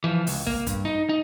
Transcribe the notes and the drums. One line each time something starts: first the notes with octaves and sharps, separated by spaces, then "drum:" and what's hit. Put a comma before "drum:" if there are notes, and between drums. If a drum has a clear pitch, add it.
E3 F3
C#2, drum: open hi-hat
A#3, drum: kick
G2, drum: kick, hi-hat
D#4
D#4